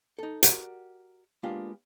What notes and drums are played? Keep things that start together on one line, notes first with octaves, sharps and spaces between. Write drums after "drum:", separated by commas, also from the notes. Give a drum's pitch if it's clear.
D#4 A4
F#4 G4 A#4 D5 F#5, drum: hi-hat
G#3 A#3 B3 D4 F4 G4